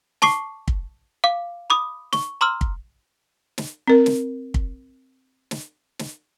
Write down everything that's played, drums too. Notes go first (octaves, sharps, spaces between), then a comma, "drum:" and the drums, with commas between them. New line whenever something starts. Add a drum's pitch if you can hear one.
A5 C#6 D6 C7, drum: snare
drum: kick
F5 D6
B5 D6 D#6
C#6, drum: snare
A#5 C6 D6 E6 F6
drum: kick
drum: snare
C4 A#4
drum: snare
drum: kick
drum: snare
drum: snare